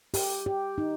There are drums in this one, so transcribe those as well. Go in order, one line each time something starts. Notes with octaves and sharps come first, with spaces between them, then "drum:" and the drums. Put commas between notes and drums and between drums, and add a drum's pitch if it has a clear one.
G4, drum: open hi-hat
G4
D#4